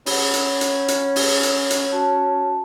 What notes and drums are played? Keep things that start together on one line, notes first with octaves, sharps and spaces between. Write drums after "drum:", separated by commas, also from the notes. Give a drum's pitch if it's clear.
C#4 F#5 B5, drum: open hi-hat
drum: hi-hat
drum: hi-hat
drum: hi-hat
drum: open hi-hat
drum: hi-hat
drum: hi-hat
F#4 A5